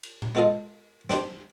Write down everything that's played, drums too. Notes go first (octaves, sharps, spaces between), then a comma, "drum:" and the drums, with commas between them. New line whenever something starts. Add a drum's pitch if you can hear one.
drum: cymbal
drum: tom A#2
G#3 B3 F4 A4 D#5 F5
C4 D4 G4 C5, drum: snare